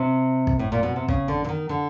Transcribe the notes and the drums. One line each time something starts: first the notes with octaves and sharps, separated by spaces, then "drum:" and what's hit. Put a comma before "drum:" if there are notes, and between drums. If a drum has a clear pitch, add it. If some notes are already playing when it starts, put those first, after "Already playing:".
Already playing: C3
drum: kick
A2
A#2
B2
C3
C#3, drum: kick
D3
D3
D#3
D3